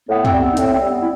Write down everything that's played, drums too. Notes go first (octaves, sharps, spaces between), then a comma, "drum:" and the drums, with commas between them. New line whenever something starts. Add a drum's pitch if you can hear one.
A2 B3
C4, drum: tom
G3
B3
D#4
A2 C4, drum: hi-hat
C4
G3
B3
E4